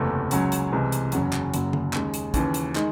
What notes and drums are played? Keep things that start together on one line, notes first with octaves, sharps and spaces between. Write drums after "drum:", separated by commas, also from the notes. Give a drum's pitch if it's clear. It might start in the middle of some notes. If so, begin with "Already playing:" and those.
Already playing: F#1 E2 C3 E3 A3
C#2 C#3 F#3 C#4, drum: hi-hat
drum: hi-hat
C2 C3 E3 G#3
drum: hi-hat
F#1 E2 C#3 F#3 C#4, drum: hi-hat
drum: clap
F#1 F#2 C#3 F#3, drum: hi-hat
drum: tom D3
D#2 C#3 G#3, drum: clap
drum: hi-hat
D#2 C#3 E3, drum: kick, hi-hat
drum: hi-hat
D#3 G#3, drum: clap